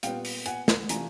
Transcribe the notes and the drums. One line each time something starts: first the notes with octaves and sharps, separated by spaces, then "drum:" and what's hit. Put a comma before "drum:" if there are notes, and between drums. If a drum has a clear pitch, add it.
A#2 G3 B3 F5 G5, drum: hi-hat
drum: open hi-hat
F#5 G#5, drum: hi-hat
drum: snare
C3 E3 A3 D4 F4 G#5 A#5, drum: hi-hat